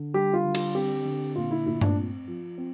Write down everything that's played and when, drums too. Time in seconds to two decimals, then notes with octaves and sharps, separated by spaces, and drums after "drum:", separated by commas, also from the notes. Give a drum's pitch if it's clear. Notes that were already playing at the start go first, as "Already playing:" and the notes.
Already playing: D3
0.14 G3 G4
0.34 F4
0.45 D3
0.55 F4, drum: cymbal
0.75 C4 G4
1.05 D3
1.36 A#2 F4
1.51 E4
1.66 A#2 E4
1.81 D4, drum: tom G2
1.97 C4
2.28 F3
2.58 C4